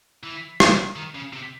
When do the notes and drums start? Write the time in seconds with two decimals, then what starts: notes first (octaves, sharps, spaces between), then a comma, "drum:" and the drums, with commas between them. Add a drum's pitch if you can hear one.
0.24 E3
0.60 drum: rim click
0.96 D#3
1.15 C#3
1.33 C3